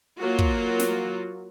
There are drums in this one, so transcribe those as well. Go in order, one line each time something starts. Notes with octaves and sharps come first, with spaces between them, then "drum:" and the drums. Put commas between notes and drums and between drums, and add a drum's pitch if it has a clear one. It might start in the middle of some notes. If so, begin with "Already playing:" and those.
F#3 A#3 F4 F#4
drum: kick
drum: snare